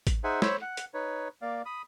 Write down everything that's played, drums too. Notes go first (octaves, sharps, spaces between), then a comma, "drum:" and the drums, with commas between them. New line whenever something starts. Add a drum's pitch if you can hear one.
drum: kick G#1, hi-hat
D#4 G#4 C5 E5 F#5 G#5
C5 C#5 B5 E6, drum: snare
F#5
drum: hi-hat
D#4 B4 C#5
A#3 D5 F5
B5 D#6